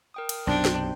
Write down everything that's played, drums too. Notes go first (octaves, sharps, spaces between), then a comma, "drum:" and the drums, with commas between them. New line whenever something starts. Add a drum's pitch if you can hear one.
A#4 G5 D#6
drum: cymbal
B1 F#2 C3 D4 C5 G5 C6
drum: snare